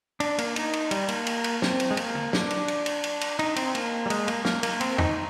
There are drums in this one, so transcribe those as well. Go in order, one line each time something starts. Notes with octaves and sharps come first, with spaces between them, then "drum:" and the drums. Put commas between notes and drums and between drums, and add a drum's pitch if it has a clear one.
D4, drum: cymbal
A#3, drum: cymbal
D#4, drum: cymbal
drum: cymbal
G3, drum: cymbal
A#3, drum: cymbal
drum: cymbal
drum: cymbal
C4, drum: snare
drum: cymbal
G#3
A#3, drum: cymbal
drum: tom
D4, drum: snare
drum: cymbal
drum: cymbal
drum: cymbal
drum: cymbal
drum: cymbal
D#4, drum: cymbal
C4, drum: cymbal
A#3, drum: cymbal
G3
G#3, drum: cymbal
A#3, drum: cymbal
A#3, drum: snare
A#3, drum: cymbal
C4, drum: cymbal
D#4, drum: tom